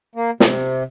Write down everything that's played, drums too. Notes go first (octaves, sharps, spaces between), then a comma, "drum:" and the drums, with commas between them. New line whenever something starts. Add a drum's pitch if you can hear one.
A#3
C3, drum: snare